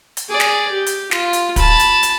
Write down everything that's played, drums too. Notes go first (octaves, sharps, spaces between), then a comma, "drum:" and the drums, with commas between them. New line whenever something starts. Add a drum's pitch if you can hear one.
drum: hi-hat
G#4 D5
drum: snare
G4
drum: hi-hat
F4, drum: snare
drum: hi-hat
A5 B5, drum: kick, hi-hat
drum: hi-hat
drum: hi-hat